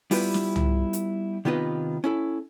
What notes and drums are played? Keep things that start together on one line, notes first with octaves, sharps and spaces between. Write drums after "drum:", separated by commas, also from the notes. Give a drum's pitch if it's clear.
G3 B3 E4 F4 G4 B4, drum: open hi-hat
drum: snare
drum: tom
drum: hi-hat
C3 D#3 B3 F4 B4 D#5
C#4 E4 A4